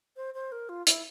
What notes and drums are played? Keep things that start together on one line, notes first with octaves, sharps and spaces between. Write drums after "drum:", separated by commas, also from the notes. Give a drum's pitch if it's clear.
C5
C5
A#4
F4
E4, drum: hi-hat